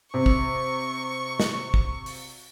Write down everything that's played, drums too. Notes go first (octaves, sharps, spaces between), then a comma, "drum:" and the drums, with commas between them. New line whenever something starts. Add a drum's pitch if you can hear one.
C3 C#6
drum: kick
drum: snare
drum: kick
drum: open hi-hat